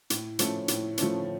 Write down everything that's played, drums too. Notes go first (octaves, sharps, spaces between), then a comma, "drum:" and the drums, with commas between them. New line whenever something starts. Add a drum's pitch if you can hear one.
A2, drum: hi-hat
F3 A3 C#4, drum: hi-hat
A2, drum: hi-hat
F3 A3 C#4, drum: hi-hat